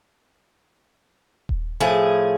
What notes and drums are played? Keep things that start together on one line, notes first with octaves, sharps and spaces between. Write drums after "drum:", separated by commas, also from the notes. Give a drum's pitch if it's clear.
drum: kick D#1
A2 F3 G#4